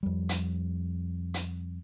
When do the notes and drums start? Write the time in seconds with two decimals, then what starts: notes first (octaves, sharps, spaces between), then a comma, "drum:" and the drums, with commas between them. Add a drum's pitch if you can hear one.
0.03 F2 G3
0.29 drum: hi-hat
1.34 drum: hi-hat